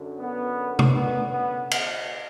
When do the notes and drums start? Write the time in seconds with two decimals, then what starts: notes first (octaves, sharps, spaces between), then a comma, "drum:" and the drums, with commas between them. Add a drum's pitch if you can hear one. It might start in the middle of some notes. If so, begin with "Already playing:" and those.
Already playing: F#2 D3
0.19 B3
0.79 drum: tom C3
0.95 B3
1.32 B3
1.71 drum: cymbal